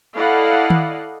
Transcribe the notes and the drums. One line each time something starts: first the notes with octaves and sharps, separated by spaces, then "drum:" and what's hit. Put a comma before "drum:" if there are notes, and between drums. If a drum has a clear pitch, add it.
E4 A4 D5 D#5 F5 F#5
drum: tom D#3